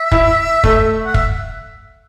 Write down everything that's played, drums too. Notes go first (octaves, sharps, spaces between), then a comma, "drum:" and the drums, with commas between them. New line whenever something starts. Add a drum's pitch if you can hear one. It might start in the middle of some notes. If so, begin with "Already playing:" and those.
Already playing: E5
E4, drum: kick
A3, drum: kick
F#5
E5, drum: kick